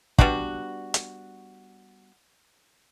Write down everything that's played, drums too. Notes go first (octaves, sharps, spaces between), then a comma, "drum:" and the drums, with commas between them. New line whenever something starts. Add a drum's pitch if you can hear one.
G3 B3 D4 F#4, drum: kick
drum: hi-hat